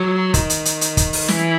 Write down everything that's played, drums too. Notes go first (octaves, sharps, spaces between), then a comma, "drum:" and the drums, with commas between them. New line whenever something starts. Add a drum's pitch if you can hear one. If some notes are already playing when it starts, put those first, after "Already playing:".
Already playing: F#3
D#3, drum: kick, hi-hat
drum: hi-hat
drum: hi-hat
drum: hi-hat
drum: kick, hi-hat
drum: open hi-hat
E3, drum: snare